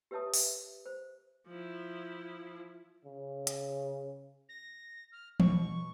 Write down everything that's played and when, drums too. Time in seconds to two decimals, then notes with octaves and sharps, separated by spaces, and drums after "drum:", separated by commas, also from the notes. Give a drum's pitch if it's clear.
0.11 G4 B4 C#5 E5 A5 D#6
0.34 E5, drum: open hi-hat
0.86 C5
1.48 F3 E4
3.05 C#3
3.47 drum: hi-hat
4.49 A#6
5.12 F6
5.40 B2 C#6, drum: tom E3